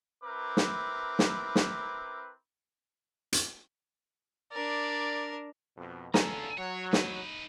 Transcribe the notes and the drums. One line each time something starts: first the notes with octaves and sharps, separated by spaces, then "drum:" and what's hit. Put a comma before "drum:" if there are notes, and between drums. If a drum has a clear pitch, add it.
C4 E4 A#4 B4 D6
drum: snare
drum: snare
drum: snare
drum: hi-hat
D4 A#4 D5
F2 B2
E2 D3 C#4 F4 A4 G#5 A#5, drum: snare
F#3 C#5
D#4 B4, drum: snare